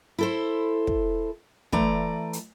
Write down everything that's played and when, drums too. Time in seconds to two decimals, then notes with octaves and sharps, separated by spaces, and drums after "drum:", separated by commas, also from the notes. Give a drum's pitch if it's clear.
0.18 E4 A4 C5
0.87 drum: kick
1.72 E3 A3 D5 A#5, drum: kick
2.33 drum: hi-hat